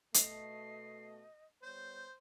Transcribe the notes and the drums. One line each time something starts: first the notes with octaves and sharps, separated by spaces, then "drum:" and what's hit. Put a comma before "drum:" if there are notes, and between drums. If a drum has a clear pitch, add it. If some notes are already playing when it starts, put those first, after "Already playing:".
B2 A3 D#5 C7, drum: hi-hat
G3 B3 C5 C#5 G6